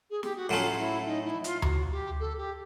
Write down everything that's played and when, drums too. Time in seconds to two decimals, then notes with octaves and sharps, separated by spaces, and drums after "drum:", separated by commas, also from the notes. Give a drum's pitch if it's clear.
0.10 G#4
0.23 G4, drum: snare
0.36 F#4
0.49 A2 F#3 A3 C#4 F4
0.73 F4
0.78 E4
1.06 D#4
1.25 E4
1.44 F4, drum: hi-hat
1.62 F#4, drum: tom D2
1.91 G4
2.20 A4
2.37 G4